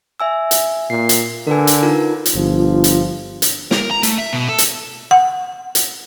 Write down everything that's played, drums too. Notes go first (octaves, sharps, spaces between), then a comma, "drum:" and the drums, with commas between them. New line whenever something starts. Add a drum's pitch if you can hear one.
E5 G#5 E6
drum: hi-hat
A#2 C7
drum: hi-hat
D3 A#4 B4 G#5
drum: hi-hat
D#4 F4 A#4
drum: hi-hat
G1 F3
drum: hi-hat
drum: hi-hat
A#4, drum: snare
A#5
A3, drum: hi-hat
E5
B2
A4
drum: hi-hat
F#5
drum: hi-hat